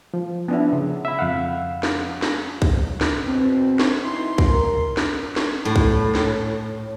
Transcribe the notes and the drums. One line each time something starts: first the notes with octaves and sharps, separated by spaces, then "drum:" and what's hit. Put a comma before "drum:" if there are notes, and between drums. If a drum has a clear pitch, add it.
F3
B3 D4 E4
C#3
E5 B5
F2 F5 F#5
drum: snare
drum: snare
drum: kick
drum: snare
E2 B2 C4
drum: snare
E3 D#4 E4 C6
drum: kick
A#4
drum: snare
drum: snare
A2
drum: kick
drum: snare